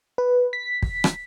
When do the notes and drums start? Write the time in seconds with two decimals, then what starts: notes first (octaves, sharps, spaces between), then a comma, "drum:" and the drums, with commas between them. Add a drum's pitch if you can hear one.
0.18 B4
0.53 B6
0.82 drum: kick
1.04 drum: rim click